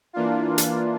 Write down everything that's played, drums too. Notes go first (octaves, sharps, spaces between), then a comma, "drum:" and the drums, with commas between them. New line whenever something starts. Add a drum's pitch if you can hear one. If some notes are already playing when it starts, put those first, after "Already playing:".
E3 A#3 D4 F4
drum: hi-hat